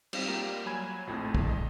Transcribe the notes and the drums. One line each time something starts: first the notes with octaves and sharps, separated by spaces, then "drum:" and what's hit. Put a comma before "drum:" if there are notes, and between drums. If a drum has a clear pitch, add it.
G3 C4 D#4 F5 A#6 B6, drum: cymbal
G3 A#3 F4 G4 A#4
F#3 G#5 B5 G#6 E7
A#1 F2 A2 A3
drum: kick
D#5